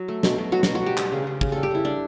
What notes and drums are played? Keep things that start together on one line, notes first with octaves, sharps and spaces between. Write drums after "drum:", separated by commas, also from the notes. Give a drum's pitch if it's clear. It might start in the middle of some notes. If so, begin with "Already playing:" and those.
Already playing: F#3
A3
B2, drum: snare
B2
F#3 F#4
B2 F#4, drum: snare
F#4
B2 G4
G3, drum: clap
C#3
C#3
C#3, drum: kick
G3 A4
G4
C#3 E4
G3 D4